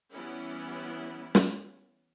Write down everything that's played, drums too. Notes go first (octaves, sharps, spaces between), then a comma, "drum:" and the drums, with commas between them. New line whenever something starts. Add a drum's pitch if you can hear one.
E3 G3 B3 C#4 E4
drum: snare